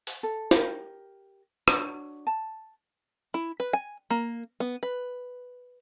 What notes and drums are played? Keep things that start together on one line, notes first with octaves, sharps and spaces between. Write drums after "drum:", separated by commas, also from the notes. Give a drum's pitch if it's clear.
drum: open hi-hat
A4
G4 A#4, drum: snare
D4 F#4 C#5, drum: rim click
A5
E4
B4
G#5
A#3
B3
B4